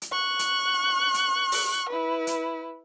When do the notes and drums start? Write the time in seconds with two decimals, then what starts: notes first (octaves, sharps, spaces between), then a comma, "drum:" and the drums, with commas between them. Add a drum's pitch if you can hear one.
0.02 drum: hi-hat
0.11 C#6 F#6
0.39 drum: hi-hat
1.14 drum: hi-hat
1.52 drum: open hi-hat
1.89 E4 B4
2.27 drum: hi-hat